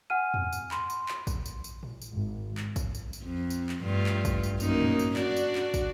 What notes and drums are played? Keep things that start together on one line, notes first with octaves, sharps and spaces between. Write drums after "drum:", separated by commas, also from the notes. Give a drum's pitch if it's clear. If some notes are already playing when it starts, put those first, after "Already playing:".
F#5 G#5 F6 D#7
drum: tom E2
drum: tambourine
B5 C6, drum: clap
drum: tambourine
drum: clap
drum: kick, tambourine
drum: tambourine
drum: tambourine
drum: tom A2
drum: tambourine
G#1
drum: clap
drum: kick, tambourine
drum: tambourine
drum: tambourine
F2
drum: tambourine
drum: clap
G2 A3 F4
drum: clap
drum: kick, tambourine
drum: tambourine
F#2 A#3 D#4, drum: tambourine
drum: tom A2
drum: tambourine
D4 F#4 D5, drum: clap
drum: tambourine
drum: clap
drum: kick, tambourine